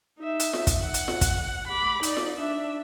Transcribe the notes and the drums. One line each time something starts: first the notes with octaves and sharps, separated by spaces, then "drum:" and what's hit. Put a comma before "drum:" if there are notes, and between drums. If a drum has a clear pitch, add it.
D#4 E5
drum: hi-hat
drum: snare F4
drum: kick, hi-hat
F#5
drum: hi-hat
drum: snare F4
drum: kick, hi-hat
B5 D6
D#4 D5, drum: hi-hat
drum: snare F4
D4 E5